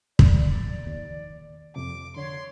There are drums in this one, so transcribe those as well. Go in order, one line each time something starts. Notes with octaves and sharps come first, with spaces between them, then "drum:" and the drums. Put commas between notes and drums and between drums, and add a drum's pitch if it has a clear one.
D5, drum: kick
D#2
F2 C3 D6
D3 C#5 C6